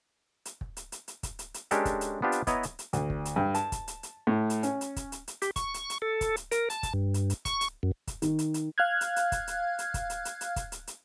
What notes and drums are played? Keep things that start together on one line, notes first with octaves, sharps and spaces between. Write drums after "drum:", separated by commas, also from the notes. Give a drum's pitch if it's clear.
drum: hi-hat
drum: kick
drum: hi-hat
drum: hi-hat
drum: hi-hat
drum: kick, hi-hat
drum: hi-hat
drum: hi-hat
G#3 C#4 D4 G4 A4 A#4, drum: hi-hat
drum: kick, hi-hat
drum: hi-hat
B3 C4 D4 F4 G4
drum: hi-hat
B3 E4 B4 C#5 D#5 A#5, drum: kick, hi-hat
drum: hi-hat
drum: hi-hat
D2, drum: hi-hat
drum: kick
drum: hi-hat
G2
A5, drum: hi-hat
drum: kick, hi-hat
drum: hi-hat
drum: hi-hat
A2
drum: hi-hat
C#4, drum: hi-hat
drum: hi-hat
drum: kick, hi-hat
drum: hi-hat
drum: hi-hat
G4, drum: hi-hat
C#6, drum: kick, hi-hat
drum: hi-hat
drum: hi-hat
A4
drum: kick, hi-hat
drum: hi-hat
A#4, drum: hi-hat
A5, drum: hi-hat
drum: kick, hi-hat
G2
drum: hi-hat
drum: hi-hat
C#6, drum: kick, hi-hat
drum: hi-hat
F#2
drum: kick, hi-hat
D#3, drum: hi-hat
drum: hi-hat
drum: hi-hat
F5 F6 F#6 G#6
drum: hi-hat
drum: hi-hat
drum: kick, hi-hat
drum: hi-hat
drum: hi-hat
drum: kick, hi-hat
drum: hi-hat
drum: hi-hat
drum: hi-hat
drum: kick, hi-hat
drum: hi-hat
drum: hi-hat